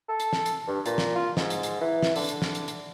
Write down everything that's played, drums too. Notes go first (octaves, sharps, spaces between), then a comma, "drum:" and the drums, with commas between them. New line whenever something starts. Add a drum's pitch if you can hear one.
A4
drum: hi-hat
drum: snare
drum: hi-hat
G2
A#2, drum: hi-hat
drum: snare
F4
G#2, drum: snare
drum: hi-hat
drum: hi-hat
E3
drum: snare
D3, drum: open hi-hat
drum: hi-hat
drum: snare
drum: hi-hat
drum: hi-hat